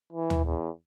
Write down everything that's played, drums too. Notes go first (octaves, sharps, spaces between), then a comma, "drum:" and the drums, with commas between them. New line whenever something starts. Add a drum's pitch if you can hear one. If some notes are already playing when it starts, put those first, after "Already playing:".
E3
drum: tom
E2